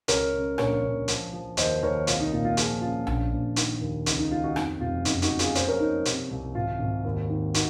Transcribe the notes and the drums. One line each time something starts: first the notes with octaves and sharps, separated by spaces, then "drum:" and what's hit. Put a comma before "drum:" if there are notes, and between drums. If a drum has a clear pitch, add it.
C#2 A#4 C#5, drum: hi-hat
C#3
A#1 A#4 C#5, drum: rim click
A#1
F3, drum: hi-hat
F3
D#2 C5 D#5, drum: hi-hat
D#2 A#4 C#5
C2 F4, drum: hi-hat
D#4
A#2 F4
F4
F3 F4 G#4, drum: hi-hat
C#3 F4
A#1, drum: tom A#1
A#1
D#3, drum: hi-hat
D#2
C#2 D#4, drum: hi-hat
D#4
D#3 F4
D#4 F#4
F2 D#4, drum: rim click
F1 F4
F#1 D#4 F#4, drum: hi-hat
D#4 F#4, drum: hi-hat
F#2
F4 G#4, drum: hi-hat
F3 G#4 C5, drum: hi-hat
A#4 C#5
F3 D#4
C3, drum: hi-hat
C2
G#1 F4
G#1
D#2
D#3
D#4 F#4, drum: hi-hat